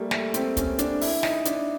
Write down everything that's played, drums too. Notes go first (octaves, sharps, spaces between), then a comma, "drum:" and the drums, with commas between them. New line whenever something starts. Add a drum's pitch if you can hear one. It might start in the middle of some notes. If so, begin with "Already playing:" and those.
Already playing: G3 A3 A#3
A3, drum: snare
C4, drum: hi-hat
C#4, drum: kick, hi-hat
D4, drum: hi-hat
E4, drum: open hi-hat
D#4, drum: snare
D4, drum: hi-hat